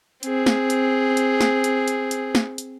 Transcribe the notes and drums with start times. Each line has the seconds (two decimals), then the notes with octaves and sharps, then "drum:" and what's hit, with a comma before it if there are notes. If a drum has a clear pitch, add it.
0.23 C4 G#4, drum: hi-hat
0.46 drum: snare
0.70 drum: hi-hat
1.17 drum: hi-hat
1.41 drum: snare
1.64 drum: hi-hat
1.88 drum: hi-hat
2.11 drum: hi-hat
2.35 drum: snare
2.58 drum: hi-hat